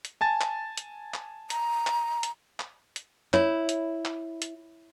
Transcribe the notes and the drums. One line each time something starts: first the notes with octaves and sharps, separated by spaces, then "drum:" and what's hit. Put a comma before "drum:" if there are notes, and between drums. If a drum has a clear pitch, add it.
drum: hi-hat
G#5 A5 A6
drum: clap
drum: hi-hat
drum: clap
A#5, drum: hi-hat
drum: clap
drum: hi-hat
drum: clap
drum: hi-hat
E4 C#5, drum: clap
drum: hi-hat
drum: clap
drum: hi-hat